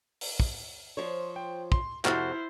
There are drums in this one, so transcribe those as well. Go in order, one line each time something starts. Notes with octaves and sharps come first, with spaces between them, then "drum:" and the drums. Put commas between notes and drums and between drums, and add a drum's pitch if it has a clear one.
drum: open hi-hat
drum: kick
F3 C5 C#5
G5
C6, drum: kick
F2 C3 E4 F#4 C5 F6 A6, drum: clap